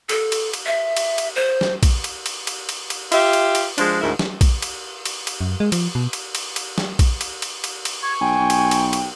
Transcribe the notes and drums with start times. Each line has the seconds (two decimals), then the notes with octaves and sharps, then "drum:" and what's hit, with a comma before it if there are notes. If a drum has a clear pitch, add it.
0.09 A4, drum: cymbal
0.32 drum: cymbal
0.53 drum: cymbal
0.66 E5
0.97 drum: cymbal
1.18 drum: cymbal
1.36 C5
1.61 drum: snare
1.83 drum: kick A#1, cymbal
2.04 drum: cymbal
2.26 drum: cymbal
2.47 drum: cymbal
2.69 drum: cymbal
2.90 drum: cymbal
3.12 F4 G4 E5, drum: cymbal
3.33 drum: cymbal
3.55 drum: cymbal
3.78 F3 G#3 D4, drum: cymbal
4.02 D2 G#2 E4 A#4
4.19 drum: snare
4.41 drum: kick A#1, cymbal
4.62 drum: cymbal
5.05 drum: cymbal
5.27 drum: cymbal
5.41 F#2
5.60 G#3
5.72 F3, drum: cymbal
5.95 B2
6.13 drum: cymbal
6.35 drum: cymbal
6.56 drum: cymbal
6.78 drum: snare
6.99 drum: kick A#1, cymbal
7.21 drum: cymbal
7.42 drum: cymbal
7.64 drum: cymbal
7.85 drum: cymbal
8.02 C#6 G#6
8.21 B1 G5 G#5
8.38 B1
8.50 drum: cymbal
8.71 drum: cymbal
8.93 drum: cymbal